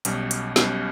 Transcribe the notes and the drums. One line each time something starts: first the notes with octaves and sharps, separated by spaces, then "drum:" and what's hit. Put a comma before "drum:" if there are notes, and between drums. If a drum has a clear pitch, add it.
B1 B2 G3 C#4, drum: hi-hat
drum: hi-hat
B1 B2 G3 C#4, drum: snare